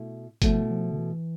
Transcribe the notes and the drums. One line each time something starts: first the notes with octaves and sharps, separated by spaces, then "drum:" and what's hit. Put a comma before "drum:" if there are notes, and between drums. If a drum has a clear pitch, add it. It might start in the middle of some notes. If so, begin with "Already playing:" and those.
Already playing: B2 A3 E4
B2 F3 A3 E4, drum: kick G1, hi-hat
F3
D3
E3